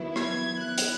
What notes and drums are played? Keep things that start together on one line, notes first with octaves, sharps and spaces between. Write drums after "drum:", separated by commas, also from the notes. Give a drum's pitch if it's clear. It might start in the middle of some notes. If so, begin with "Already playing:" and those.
Already playing: D#3 F#3 B3 E4
G#6, drum: rim click
F#3 B3 E4 F#6
drum: hi-hat